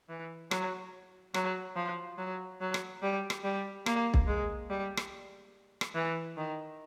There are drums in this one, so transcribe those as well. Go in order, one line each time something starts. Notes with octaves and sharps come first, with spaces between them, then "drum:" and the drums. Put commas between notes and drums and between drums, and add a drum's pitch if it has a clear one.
E3
F#3, drum: rim click
F#3, drum: rim click
F3
F#3
F#3
drum: rim click
G3
drum: rim click
G3
A#3, drum: rim click
drum: kick
G#3
G3
drum: rim click
drum: rim click
E3
D#3